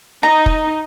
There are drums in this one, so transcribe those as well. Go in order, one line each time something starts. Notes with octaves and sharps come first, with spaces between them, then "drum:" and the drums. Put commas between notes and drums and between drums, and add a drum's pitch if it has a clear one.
D#4 A#5
drum: kick